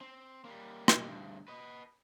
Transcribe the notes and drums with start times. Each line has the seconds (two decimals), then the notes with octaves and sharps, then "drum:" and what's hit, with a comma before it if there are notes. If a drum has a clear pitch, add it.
0.01 C4
0.45 G3 A#3
0.88 drum: rim click
1.08 D2 G2
1.48 B4 D#5